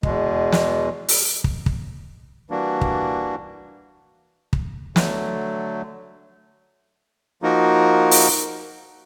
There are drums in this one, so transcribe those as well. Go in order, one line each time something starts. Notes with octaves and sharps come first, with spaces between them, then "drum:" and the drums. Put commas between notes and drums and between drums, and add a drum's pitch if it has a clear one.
E2 B2 G#3, drum: kick
drum: snare
drum: open hi-hat
drum: kick
drum: kick
E3 G3 A#3 D4 F#4
drum: kick
drum: kick
D3 F#3 A3, drum: snare
F3 A#3 D#4 F#4 A#4
drum: open hi-hat